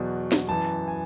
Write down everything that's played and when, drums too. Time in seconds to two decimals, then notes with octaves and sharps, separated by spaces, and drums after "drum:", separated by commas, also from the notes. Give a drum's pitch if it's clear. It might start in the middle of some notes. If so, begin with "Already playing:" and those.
Already playing: E2 B2 F#3
0.32 drum: snare
0.48 F#2 E3 A5
0.88 G#5